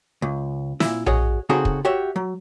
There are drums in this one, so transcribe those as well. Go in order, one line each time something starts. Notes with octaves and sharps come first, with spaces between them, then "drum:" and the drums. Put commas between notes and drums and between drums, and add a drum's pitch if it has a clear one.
C#2
A#2 E4, drum: snare
F#4 G#4 C#5 D#5, drum: tom A#1
C#3 C4 D#4 F#4 G#4 A4
drum: kick
F#4 G4 C#5 E5
F#3